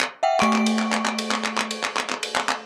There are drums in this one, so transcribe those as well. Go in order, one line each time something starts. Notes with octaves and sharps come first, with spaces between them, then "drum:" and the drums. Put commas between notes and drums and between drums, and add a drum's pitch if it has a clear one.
drum: clap
E5 F#5 G5
A3 C#6 D7, drum: clap
drum: clap
drum: cymbal
drum: clap
drum: clap
drum: clap
drum: cymbal
drum: clap
drum: clap
drum: clap
drum: cymbal
drum: clap
drum: clap
drum: clap
drum: cymbal
drum: clap
drum: clap